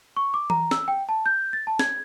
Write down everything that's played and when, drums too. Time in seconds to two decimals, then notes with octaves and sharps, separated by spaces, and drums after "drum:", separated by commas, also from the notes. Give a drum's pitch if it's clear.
0.17 C#6
0.34 D6
0.50 A#5, drum: tom E3
0.71 E6, drum: snare
0.88 G5
1.09 A5
1.26 G6
1.53 A6
1.67 A5
1.79 G#6, drum: snare